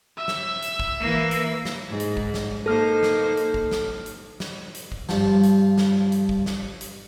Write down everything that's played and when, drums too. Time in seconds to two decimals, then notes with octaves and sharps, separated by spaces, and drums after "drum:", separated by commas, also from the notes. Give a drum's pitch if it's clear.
0.18 E5 E6
0.28 drum: snare
0.62 drum: hi-hat
0.79 drum: kick
1.00 E3 A#3
1.31 drum: hi-hat
1.65 drum: snare
1.89 G#2
2.00 drum: hi-hat
2.17 drum: kick
2.34 drum: snare
2.66 A#3 D#4 A4 C5 F6
3.03 drum: snare
3.37 drum: hi-hat
3.54 drum: kick
3.71 drum: snare
4.06 drum: hi-hat
4.40 drum: snare
4.75 drum: hi-hat
4.92 drum: kick
5.09 G2 F3, drum: snare
5.43 drum: hi-hat
5.78 drum: snare
6.12 drum: hi-hat
6.29 drum: kick
6.46 drum: snare
6.81 drum: hi-hat